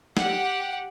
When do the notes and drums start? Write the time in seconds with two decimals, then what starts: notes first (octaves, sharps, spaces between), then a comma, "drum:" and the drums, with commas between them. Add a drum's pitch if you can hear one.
0.17 G4 F#5, drum: snare